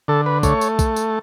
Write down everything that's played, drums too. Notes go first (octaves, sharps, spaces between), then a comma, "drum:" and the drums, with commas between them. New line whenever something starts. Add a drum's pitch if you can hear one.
D3 A4
B4
A3 C#5, drum: kick, tambourine
drum: tambourine
drum: kick, tambourine
drum: tambourine